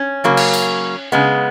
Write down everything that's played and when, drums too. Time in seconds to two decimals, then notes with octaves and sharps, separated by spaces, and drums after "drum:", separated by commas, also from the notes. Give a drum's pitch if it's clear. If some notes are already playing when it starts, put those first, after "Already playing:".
Already playing: C#4
0.24 C#3 F#3 A#3
0.37 drum: cymbal
0.53 drum: tambourine
1.12 C#3 G#3 B3